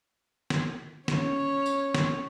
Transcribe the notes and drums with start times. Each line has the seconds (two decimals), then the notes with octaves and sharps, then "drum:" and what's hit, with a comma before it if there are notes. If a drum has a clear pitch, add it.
0.50 drum: snare
1.08 C#4 C#5, drum: snare
1.66 drum: tambourine
1.95 drum: snare